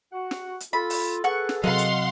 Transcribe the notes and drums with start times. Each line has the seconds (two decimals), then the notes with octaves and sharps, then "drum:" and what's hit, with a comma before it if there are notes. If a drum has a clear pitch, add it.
0.13 F#4 F#5
0.31 drum: snare
0.60 drum: hi-hat
0.73 F4 A4 B5
0.90 drum: open hi-hat
1.24 G#4 A4 B4 F#5 C#6
1.49 drum: snare
1.64 C3 F#3 D#5 F5 F#5 C6
1.78 drum: hi-hat